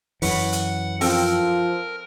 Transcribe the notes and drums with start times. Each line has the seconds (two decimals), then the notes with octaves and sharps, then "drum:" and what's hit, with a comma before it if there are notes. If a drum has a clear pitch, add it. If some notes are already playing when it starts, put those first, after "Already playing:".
0.22 F#2 E3 B4 C#5 F#5, drum: open hi-hat
0.53 drum: hi-hat
1.01 F3 C4 A4 A#4 G5, drum: open hi-hat